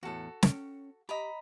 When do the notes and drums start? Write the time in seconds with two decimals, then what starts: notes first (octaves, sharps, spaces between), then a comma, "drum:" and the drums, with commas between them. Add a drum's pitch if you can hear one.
0.03 E2 A2 F#4 A4
0.43 C#4 G5, drum: snare
1.09 G4 D#5 A#5 B5